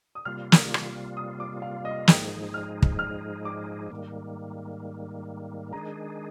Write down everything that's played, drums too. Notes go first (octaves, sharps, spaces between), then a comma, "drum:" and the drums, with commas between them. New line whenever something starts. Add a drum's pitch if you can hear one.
D#6
C3 G3 A#3 F4 F6
drum: snare
drum: rim click
D#6
D6
F5
D#5
G#2 F3 G#3 D#4 G#4 G5, drum: snare
F6
drum: kick
F6
D6
G#2 D#3 G3 A#3
D#3 G#3 D4 G#4 A#5